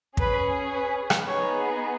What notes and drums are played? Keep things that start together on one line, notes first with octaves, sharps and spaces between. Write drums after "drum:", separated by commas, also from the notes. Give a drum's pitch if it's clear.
C#4 G#4 B4, drum: kick
B4
drum: rim click
B3 D#4 G#4 C#5